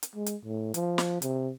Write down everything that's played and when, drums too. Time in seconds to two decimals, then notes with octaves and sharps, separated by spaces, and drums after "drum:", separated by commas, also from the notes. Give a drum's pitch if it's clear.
0.03 drum: hi-hat
0.16 G#3
0.26 drum: hi-hat
0.45 A2
0.74 F3, drum: hi-hat
0.98 drum: snare
1.22 C3, drum: hi-hat